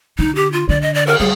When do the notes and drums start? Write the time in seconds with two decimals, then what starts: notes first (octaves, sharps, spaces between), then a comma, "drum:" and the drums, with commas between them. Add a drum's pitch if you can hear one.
0.19 D3 D#4
0.35 G4
0.52 F4
0.69 D3 D5
0.82 D#5
0.95 D5
1.07 A#4, drum: cymbal
1.19 G3 G#4